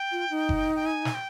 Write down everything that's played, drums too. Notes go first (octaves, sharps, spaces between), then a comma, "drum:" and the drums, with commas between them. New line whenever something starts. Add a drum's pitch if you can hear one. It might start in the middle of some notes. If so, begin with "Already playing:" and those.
Already playing: G5
F4
D#4
drum: kick F#1
G5
G#5
drum: snare
G5